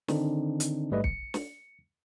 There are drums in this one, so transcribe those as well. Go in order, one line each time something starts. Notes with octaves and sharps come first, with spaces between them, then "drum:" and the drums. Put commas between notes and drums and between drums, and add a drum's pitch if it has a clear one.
D3 D#3 C4 D4 D#4, drum: snare
drum: hi-hat
A1 G#2 G3 A3 B4 D#5
C#7, drum: kick
drum: snare